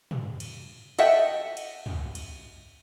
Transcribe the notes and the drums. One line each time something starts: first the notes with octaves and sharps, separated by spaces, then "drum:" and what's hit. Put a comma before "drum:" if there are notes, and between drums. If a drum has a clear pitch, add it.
drum: tom
drum: cymbal
A4 D#5 E5 F#5 G5, drum: cymbal
drum: cymbal
drum: tom
drum: cymbal